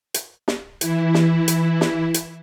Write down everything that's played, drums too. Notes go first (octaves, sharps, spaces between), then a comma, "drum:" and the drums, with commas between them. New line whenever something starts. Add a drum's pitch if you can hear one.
drum: hi-hat
drum: snare
E3 E4, drum: hi-hat
drum: snare
drum: hi-hat
drum: snare
drum: hi-hat